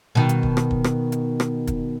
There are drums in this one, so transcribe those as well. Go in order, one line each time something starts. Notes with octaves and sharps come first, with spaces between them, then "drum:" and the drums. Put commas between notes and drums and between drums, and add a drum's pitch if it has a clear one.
B2 D#3
drum: hi-hat
drum: kick
drum: rim click
drum: kick
drum: rim click
drum: hi-hat
drum: rim click
drum: kick, hi-hat